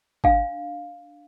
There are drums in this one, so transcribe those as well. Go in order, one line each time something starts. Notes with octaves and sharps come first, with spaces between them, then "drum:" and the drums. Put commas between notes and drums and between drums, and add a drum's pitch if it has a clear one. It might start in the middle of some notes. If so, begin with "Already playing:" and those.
D4 F5, drum: kick G#1